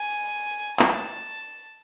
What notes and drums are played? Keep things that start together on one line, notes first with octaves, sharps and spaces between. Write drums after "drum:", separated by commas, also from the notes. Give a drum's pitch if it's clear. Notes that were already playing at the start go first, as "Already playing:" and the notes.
Already playing: G#5
A5, drum: clap